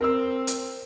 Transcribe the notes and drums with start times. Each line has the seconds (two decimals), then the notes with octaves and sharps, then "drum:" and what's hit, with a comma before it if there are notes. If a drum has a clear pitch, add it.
0.01 C4 A#4 E6
0.47 drum: hi-hat